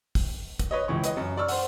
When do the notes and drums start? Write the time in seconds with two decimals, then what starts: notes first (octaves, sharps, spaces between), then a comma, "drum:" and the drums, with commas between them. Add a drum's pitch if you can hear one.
0.15 drum: kick, open hi-hat
0.59 drum: kick, hi-hat
0.71 B4 C#5 D#5
0.88 C#2 E3 C#6
1.04 B4 D#5, drum: hi-hat
1.17 F#2
1.37 D5 C#6 E6 F6
1.48 C5 F#5, drum: open hi-hat